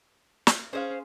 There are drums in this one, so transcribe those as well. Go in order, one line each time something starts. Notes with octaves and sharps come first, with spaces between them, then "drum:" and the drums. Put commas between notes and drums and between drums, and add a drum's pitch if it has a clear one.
drum: snare
C#4 G#4 C5 D#5 F5